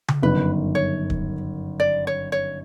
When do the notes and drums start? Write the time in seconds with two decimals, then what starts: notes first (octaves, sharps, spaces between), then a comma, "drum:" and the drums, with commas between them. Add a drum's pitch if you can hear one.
0.08 drum: tom C#3
0.23 G1 F#2 D#3 B4
0.75 C#5
1.10 drum: kick
1.80 D5
2.07 C#5
2.32 C#5